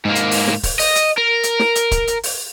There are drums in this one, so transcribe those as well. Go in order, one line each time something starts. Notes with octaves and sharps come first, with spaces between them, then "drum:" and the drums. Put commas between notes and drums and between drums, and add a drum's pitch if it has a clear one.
G#2 A#3
drum: hi-hat
drum: open hi-hat
drum: snare
drum: kick, open hi-hat
D#5, drum: open hi-hat
drum: hi-hat
A#4
drum: hi-hat
drum: snare
drum: hi-hat
drum: kick, hi-hat
drum: hi-hat
drum: open hi-hat